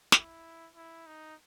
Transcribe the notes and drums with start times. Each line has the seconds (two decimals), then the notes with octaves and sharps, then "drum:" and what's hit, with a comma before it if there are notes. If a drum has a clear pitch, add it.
0.12 E4, drum: snare
0.76 E4
1.07 D#4